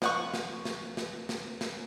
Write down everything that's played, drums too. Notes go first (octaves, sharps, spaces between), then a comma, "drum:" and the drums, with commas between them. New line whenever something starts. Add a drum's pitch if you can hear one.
F3 F#5 C#6, drum: snare
drum: snare
drum: snare
drum: snare
drum: snare
drum: snare